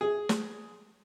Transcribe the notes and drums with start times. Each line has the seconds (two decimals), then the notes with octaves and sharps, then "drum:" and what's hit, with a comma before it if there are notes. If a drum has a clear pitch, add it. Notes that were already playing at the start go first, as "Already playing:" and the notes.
0.01 G#4
0.29 drum: snare